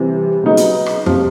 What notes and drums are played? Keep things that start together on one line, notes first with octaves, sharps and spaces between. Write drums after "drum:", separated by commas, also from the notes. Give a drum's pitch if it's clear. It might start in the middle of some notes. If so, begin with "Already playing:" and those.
Already playing: C3 E3 G3 C4
C#3 F#3 B3 D#4
drum: hi-hat
drum: rim click
C3 F3, drum: tom F2